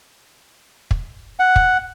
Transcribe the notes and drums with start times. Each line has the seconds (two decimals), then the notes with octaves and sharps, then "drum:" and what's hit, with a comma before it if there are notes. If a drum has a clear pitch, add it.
0.91 drum: kick
1.39 F#5
1.56 drum: kick